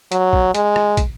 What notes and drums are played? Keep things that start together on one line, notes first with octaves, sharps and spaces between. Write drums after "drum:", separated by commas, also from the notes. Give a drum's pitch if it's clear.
F#3, drum: hi-hat
drum: kick
G#3, drum: hi-hat
drum: rim click
drum: kick, hi-hat